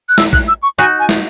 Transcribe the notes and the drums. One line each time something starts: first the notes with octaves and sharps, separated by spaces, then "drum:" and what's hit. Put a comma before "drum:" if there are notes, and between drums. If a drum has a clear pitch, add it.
F#6
E6, drum: snare
F#6, drum: kick
E6
C#6
D#4 F#4 G#5
G#5
drum: snare